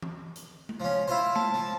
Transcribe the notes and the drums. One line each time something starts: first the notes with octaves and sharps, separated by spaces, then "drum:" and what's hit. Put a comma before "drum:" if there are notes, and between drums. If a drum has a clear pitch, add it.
drum: tom E3
drum: hi-hat
drum: tom G#3
F3 C#4
E4 F4 C5
A5, drum: tom G#3
F3